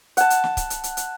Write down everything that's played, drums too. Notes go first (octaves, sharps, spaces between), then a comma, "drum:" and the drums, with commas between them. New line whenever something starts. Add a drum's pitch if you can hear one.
F#5 A5, drum: hi-hat
drum: hi-hat
drum: snare
drum: kick C#1, hi-hat
drum: hi-hat
drum: hi-hat
drum: hi-hat